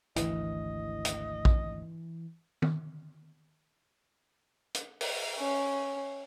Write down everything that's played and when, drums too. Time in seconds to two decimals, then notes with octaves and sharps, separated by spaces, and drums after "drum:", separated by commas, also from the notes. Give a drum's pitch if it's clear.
0.16 G#1 D2 E3 D#5, drum: hi-hat
1.05 drum: hi-hat
1.45 drum: kick A#1
2.62 drum: tom D#3
4.74 drum: hi-hat
5.01 drum: open hi-hat
5.38 C#4